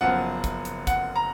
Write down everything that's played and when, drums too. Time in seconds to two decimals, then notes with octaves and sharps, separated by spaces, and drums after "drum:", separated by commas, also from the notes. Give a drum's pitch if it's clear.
0.01 F#1 F#2 F3 B3 F#5
0.44 drum: kick, hi-hat
0.65 drum: hi-hat
0.87 F#5, drum: kick, hi-hat
1.16 A#5